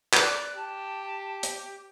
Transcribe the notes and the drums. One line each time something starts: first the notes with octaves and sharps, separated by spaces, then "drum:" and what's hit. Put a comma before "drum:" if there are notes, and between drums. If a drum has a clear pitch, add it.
D5 F#6, drum: clap
G4 A5
drum: hi-hat